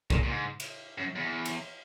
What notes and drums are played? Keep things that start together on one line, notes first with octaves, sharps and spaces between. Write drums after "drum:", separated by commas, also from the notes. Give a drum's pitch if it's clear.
A#2, drum: kick B1
A#2
G#2
drum: cymbal
F#2
E2
drum: cymbal